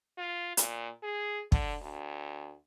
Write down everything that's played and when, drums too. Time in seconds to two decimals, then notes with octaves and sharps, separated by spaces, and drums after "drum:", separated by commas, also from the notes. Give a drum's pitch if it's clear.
0.18 F4
0.57 A#2, drum: hi-hat
1.03 G#4
1.52 D3, drum: kick
1.82 D2